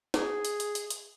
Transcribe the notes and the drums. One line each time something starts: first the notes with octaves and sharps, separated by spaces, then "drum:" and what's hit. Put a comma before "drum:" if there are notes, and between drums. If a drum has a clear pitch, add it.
G#4, drum: snare
drum: hi-hat
drum: hi-hat
drum: hi-hat
drum: hi-hat